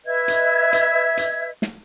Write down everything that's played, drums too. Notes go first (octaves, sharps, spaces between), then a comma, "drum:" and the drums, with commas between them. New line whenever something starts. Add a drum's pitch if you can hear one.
B4 D#5 E5 G#6
drum: hi-hat
drum: hi-hat
drum: hi-hat
drum: snare